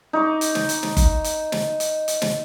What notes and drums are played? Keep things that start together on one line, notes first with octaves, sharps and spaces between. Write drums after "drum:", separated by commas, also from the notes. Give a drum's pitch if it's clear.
D#4 C#6 D6
drum: hi-hat
drum: snare
drum: hi-hat
drum: snare
drum: kick F#1, hi-hat
drum: hi-hat
drum: snare
drum: hi-hat
drum: hi-hat
drum: snare